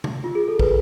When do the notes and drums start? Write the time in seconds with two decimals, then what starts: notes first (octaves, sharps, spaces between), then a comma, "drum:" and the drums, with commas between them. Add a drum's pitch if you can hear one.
0.04 drum: tom
0.24 F4
0.35 G#4
0.48 A4
0.59 B4, drum: kick